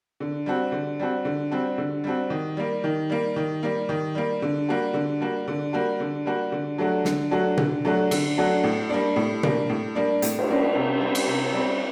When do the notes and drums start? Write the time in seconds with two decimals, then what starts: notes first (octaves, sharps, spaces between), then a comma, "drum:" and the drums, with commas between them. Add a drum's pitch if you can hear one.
0.20 D3
0.46 G3 C4 F#4
0.72 D3
0.99 G3 C4 F#4
1.25 D3
1.51 G3 C4 F#4
1.78 D3
2.04 G3 C4 F#4
2.30 D#3
2.57 G3 A#3
2.84 D#3
3.10 G3 A#3
3.36 D#3
3.63 G3 A#3
3.89 D#3
4.15 G3 A#3
4.42 D3
4.69 G3 A#3 F#4
4.94 D3
5.21 G3 A#3 F#4
5.48 D3
5.73 G3 A#3 F#4
6.00 D3
6.26 G3 A#3 F#4
6.52 D3
6.78 F#3 A3 D4 F#4
7.05 D3, drum: snare
7.31 F#3 A3 D4 F#4
7.57 D3, drum: tom B2
7.85 F#3 A3 D4 F#4
8.11 D3, drum: cymbal
8.38 F#3 A3 D4 F#4
8.64 A2
8.89 G3 A#3 D4
9.16 A2
9.43 G3 A#3 D4, drum: tom B2
9.69 A2
9.95 G3 A#3 D4
10.22 A2, drum: hi-hat
10.39 drum: cymbal
10.49 G3 A#3 D4
10.75 C3
11.01 G3 C4
11.15 drum: cymbal
11.27 C3
11.53 G3 C4